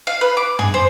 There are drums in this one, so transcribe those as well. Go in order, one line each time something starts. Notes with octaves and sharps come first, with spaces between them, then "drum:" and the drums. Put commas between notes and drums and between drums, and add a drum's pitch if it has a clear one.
F5
B4
D6
G#4, drum: tom
C5